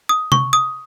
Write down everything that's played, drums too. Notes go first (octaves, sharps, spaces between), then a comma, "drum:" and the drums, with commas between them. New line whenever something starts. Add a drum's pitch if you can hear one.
D#6
C#6, drum: tom C3
D#6